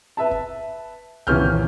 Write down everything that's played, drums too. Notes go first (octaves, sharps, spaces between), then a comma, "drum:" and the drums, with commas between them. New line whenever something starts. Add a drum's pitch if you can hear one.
B4 E5 A5
drum: kick
D#1 F#2 E3 C#4 F6 G6, drum: tom C2